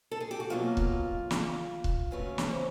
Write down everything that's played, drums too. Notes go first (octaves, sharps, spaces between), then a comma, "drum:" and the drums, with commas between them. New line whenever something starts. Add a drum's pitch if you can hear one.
A4
G#4
G4
F#4
B2 F#3 A#3 C#4 F4
drum: kick C#1
drum: snare
drum: kick C#1
C#3 F#3 A3 C#4 B4
drum: snare
C5